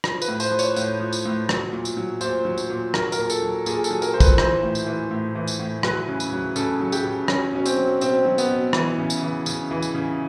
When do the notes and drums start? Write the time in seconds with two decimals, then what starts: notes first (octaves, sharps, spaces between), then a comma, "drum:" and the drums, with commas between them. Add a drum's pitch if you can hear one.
0.04 F3, drum: rim click
0.22 B4, drum: tambourine
0.28 A2
0.40 C5, drum: tambourine
0.52 F3
0.59 C#5, drum: tambourine
0.76 A2, drum: tambourine
1.00 F3
1.13 drum: tambourine
1.25 A2
1.49 F#3, drum: rim click
1.72 A#2
1.85 drum: tambourine
1.97 F#3
2.21 A#2 C5, drum: tambourine
2.45 F#3
2.58 drum: tambourine
2.70 A#2
2.94 F#3 A#4, drum: rim click
3.12 A#4, drum: tambourine
3.19 A#2
3.30 A4, drum: tambourine
3.42 F#3
3.66 A#2 G#4, drum: tambourine
3.84 A4, drum: tambourine
3.91 F#3
4.02 A#4, drum: tambourine
4.14 A#2 C5
4.20 B4, drum: kick, tambourine
4.38 E3 C5, drum: rim click
4.63 A2
4.75 drum: tambourine
4.87 E3
5.11 A2
5.35 E3
5.48 drum: tambourine
5.59 A2
5.83 F#3 B4, drum: rim click
6.08 C#3
6.20 drum: tambourine
6.32 F#3
6.56 C#3 A4, drum: tambourine
6.80 F#3
6.92 G4, drum: tambourine
7.04 C#3
7.28 F#3 C#4, drum: rim click
7.53 B2 C#4
7.66 C4, drum: tambourine
7.76 F#3
8.01 B2 C4, drum: tambourine
8.25 F#3
8.38 B3, drum: tambourine
8.50 B2
8.73 E3, drum: rim click
8.98 C#3
9.10 drum: tambourine
9.22 E3
9.46 C#3, drum: tambourine
9.71 E3
9.82 drum: tambourine
9.95 C#3